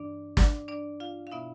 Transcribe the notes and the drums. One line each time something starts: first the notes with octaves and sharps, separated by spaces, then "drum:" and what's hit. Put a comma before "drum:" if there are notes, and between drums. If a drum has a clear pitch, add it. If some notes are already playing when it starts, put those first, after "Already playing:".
Already playing: G2 E3 D4 D5
D4 D5, drum: snare
D4 D5
F4 F5
F5
B2 B3 E4 E5